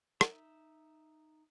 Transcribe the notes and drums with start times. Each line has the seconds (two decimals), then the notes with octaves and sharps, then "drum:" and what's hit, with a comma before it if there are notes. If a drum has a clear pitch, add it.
0.21 D#4 E5, drum: rim click